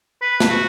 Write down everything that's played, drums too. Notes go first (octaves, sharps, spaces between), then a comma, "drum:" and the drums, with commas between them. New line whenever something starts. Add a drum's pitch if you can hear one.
B4
drum: snare
F#4